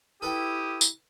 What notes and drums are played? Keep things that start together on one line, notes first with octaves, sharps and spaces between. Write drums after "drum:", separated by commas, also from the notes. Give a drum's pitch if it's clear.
E4 G4 A4 B4 G5 D#6
drum: tambourine